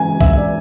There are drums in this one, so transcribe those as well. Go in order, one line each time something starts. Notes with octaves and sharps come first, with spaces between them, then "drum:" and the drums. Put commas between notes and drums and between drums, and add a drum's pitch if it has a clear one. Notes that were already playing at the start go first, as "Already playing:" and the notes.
Already playing: C#3 E3 G#3 C#4 G#5
E5, drum: kick
E5
D5